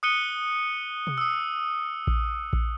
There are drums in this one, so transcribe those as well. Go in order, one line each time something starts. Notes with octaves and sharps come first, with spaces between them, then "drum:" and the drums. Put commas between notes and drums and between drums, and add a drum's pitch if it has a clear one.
D#6 F#6 C#7 D#7 G7
drum: tom B2
D#6 E6
drum: kick A#1
drum: kick A#1